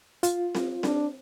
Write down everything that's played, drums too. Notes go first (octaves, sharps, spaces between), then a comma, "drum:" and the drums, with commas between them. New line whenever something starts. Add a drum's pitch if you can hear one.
F4, drum: hi-hat
drum: snare C4
D4, drum: snare C4